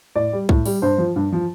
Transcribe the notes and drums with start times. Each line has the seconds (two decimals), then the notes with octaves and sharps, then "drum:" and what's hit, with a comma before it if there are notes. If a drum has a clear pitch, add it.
0.15 A2 D5
0.33 G3
0.49 A2, drum: kick C2
0.66 G3, drum: open hi-hat
0.82 G2 C5
0.98 F3
1.16 G2
1.32 F3